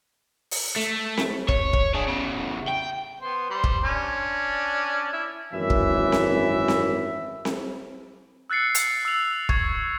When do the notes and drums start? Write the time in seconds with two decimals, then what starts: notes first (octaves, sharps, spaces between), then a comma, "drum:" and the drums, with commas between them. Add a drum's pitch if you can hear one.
0.51 drum: open hi-hat
0.76 A3
1.17 drum: snare C4
1.49 C#5, drum: kick
1.73 drum: kick
1.94 D4 G#4
2.08 E2 C#3
2.68 G5
3.21 B3 C5
3.50 G3 C5
3.64 drum: kick
3.83 C#4 D4
5.13 E4
5.52 G#1 F#2 E3 E5
5.70 drum: kick
6.12 drum: snare C4
6.68 drum: snare C4
7.45 drum: snare C4
8.50 E6 F#6 A6 C7 C#7
8.75 drum: hi-hat
9.05 E6 F7
9.49 C#6 G#6, drum: kick